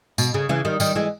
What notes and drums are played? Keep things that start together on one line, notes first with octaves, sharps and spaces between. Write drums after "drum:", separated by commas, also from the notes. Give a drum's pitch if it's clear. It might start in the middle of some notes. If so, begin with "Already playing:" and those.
B2, drum: tambourine
C#3
C#3 E3
D#3 G3
D#3 G3, drum: tambourine
E3 G#3